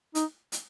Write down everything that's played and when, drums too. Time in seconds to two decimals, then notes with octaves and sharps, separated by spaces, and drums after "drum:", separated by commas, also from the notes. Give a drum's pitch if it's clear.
0.15 D#4, drum: hi-hat
0.52 drum: hi-hat